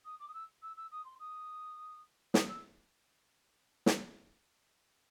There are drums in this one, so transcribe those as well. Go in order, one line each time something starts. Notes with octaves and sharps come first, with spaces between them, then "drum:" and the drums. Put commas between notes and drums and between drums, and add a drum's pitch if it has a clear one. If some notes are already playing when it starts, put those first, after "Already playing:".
D#6
D6
D#6
E6
E6
E6
D#6
C6
D#6
D#6, drum: snare
E6
drum: snare